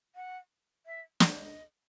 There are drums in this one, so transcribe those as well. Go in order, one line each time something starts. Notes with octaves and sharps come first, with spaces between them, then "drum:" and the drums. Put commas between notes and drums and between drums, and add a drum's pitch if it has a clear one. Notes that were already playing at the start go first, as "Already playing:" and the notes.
F#5
E5
drum: snare
D#5